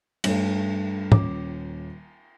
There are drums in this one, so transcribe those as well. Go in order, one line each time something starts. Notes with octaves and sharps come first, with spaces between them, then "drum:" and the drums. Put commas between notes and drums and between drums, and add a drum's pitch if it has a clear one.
G2 A3, drum: cymbal
D#1 C#4 D6, drum: tom